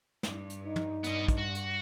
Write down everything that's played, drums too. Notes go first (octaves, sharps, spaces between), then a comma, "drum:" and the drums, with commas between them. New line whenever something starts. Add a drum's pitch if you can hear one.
G2, drum: snare
drum: hi-hat
D#4
drum: tom
G2 B3 D#5, drum: hi-hat
drum: kick, hi-hat
F#4
drum: hi-hat